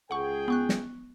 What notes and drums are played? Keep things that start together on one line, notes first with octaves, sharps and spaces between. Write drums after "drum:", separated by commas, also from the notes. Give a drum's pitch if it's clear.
C#2 G#4 F#5 G5 C#6
B3 C#6 F#6
drum: snare